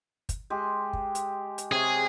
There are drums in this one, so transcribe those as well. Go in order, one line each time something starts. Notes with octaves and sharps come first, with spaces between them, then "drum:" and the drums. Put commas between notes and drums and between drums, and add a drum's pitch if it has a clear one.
drum: kick, hi-hat
G#3 G4
drum: kick
drum: hi-hat
drum: hi-hat
C3 G#4 C#5